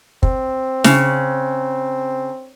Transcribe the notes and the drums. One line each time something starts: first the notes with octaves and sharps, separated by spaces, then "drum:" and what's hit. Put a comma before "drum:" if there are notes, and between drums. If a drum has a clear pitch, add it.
C4, drum: kick
C#3, drum: snare